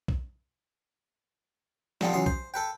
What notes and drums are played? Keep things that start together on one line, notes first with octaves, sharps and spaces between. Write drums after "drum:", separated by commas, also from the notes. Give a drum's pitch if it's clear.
drum: kick B1
D3 F3 G3 B3 C4, drum: snare
C#2 E3 F#3 C6 D#6
C5, drum: kick B1
A4 B4 G5